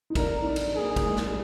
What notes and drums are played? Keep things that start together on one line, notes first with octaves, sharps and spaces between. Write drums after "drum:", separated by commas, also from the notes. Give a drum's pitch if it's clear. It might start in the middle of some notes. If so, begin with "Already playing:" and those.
D#4
D4 A#4, drum: kick, cymbal
D#4
D4
drum: cymbal
A#3 G#4
drum: kick, cymbal
G#3
drum: snare
G3